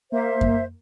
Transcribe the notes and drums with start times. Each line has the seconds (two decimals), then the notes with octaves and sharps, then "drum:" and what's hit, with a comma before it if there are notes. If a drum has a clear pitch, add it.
0.12 A#3 C5 E5
0.41 drum: kick F#2